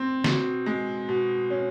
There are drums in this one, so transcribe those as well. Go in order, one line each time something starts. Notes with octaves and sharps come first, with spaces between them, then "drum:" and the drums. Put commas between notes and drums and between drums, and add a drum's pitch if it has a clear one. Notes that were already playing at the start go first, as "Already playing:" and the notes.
Already playing: C4
B2, drum: snare
G#3
B2
C#4